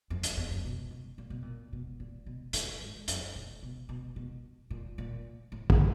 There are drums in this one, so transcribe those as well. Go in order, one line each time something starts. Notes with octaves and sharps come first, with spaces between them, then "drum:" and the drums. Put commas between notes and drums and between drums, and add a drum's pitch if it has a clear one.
F2
F2, drum: hi-hat
E2
F#2
B2
B2
A#2
B2
A#2
B2
A#2
B2
A#2, drum: hi-hat
G#2
F#2, drum: hi-hat
A#2
B2
B2
B2
A#2
A#2
A2
drum: kick